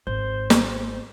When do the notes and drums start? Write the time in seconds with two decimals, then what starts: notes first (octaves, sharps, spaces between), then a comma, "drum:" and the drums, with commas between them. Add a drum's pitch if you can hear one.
0.07 G#1 C5
0.50 drum: snare